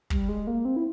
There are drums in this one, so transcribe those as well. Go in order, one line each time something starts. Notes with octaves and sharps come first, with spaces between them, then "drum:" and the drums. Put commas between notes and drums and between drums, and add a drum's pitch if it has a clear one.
G3, drum: kick
G#3
A#3
C4
E4